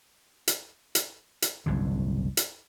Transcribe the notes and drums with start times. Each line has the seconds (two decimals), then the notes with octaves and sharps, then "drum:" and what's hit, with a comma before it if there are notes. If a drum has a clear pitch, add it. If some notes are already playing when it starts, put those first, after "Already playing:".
0.48 drum: hi-hat
0.95 drum: hi-hat
1.42 drum: hi-hat
1.66 F#1 C2 G#2 D3
2.37 drum: hi-hat